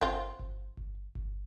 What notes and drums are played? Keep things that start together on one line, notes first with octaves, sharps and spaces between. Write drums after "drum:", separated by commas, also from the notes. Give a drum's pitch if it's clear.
C4 F4, drum: kick G1
drum: kick G1
drum: kick G1
drum: kick G1